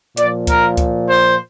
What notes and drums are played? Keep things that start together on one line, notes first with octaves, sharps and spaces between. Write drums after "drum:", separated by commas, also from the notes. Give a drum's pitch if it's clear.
A#2 F3 D5, drum: hi-hat
A#4, drum: kick C#2, hi-hat
drum: kick C#2, hi-hat
C5